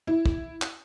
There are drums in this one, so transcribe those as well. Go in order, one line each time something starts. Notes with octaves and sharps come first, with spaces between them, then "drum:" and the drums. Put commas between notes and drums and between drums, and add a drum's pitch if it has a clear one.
E4
drum: kick
drum: clap